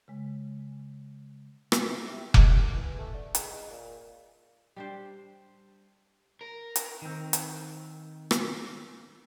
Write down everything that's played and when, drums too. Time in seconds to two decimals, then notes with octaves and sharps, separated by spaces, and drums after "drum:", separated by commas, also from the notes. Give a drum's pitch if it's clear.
0.08 C#3 G#3
1.72 B3, drum: rim click
1.91 E4
2.10 C3
2.34 G#3, drum: kick F1
2.47 C2
2.75 E3
2.99 A3
3.14 D3
3.35 G#2, drum: hi-hat
3.51 G#3
3.70 A#2
4.76 G3 D4 C5
6.41 A#4
6.76 drum: hi-hat
7.02 D#3 C4
7.33 drum: hi-hat
8.31 drum: rim click